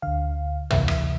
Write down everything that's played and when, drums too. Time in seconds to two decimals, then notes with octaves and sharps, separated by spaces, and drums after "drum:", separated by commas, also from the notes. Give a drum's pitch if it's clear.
0.02 D2 D3 F5
0.70 D2 C3 E3 E5, drum: tom
0.88 drum: rim click